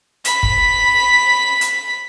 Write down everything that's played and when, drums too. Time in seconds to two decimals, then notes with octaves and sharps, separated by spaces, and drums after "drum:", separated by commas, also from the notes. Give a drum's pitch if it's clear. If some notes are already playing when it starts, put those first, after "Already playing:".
0.25 B5 B6, drum: hi-hat
0.43 drum: kick
1.61 drum: hi-hat